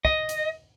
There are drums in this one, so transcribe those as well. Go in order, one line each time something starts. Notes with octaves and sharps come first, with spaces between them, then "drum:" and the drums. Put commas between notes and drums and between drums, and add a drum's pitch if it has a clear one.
D#5, drum: kick
drum: hi-hat